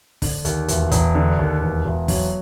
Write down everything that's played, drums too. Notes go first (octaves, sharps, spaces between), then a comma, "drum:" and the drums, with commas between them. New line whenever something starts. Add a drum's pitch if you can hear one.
D3, drum: kick, open hi-hat
D#2, drum: hi-hat
E1, drum: hi-hat
E1, drum: kick, hi-hat
D3
D#2
E1
E1
F#3, drum: kick, open hi-hat